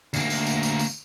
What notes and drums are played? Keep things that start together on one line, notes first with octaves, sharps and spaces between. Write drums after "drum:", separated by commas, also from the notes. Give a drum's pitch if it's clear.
D2 A#3, drum: tambourine
drum: tambourine
drum: tambourine
drum: tambourine
drum: tambourine